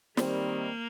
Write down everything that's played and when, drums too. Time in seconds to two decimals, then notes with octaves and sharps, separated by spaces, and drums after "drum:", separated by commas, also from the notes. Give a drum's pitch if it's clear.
0.17 D#3 G3 A#3 C4, drum: snare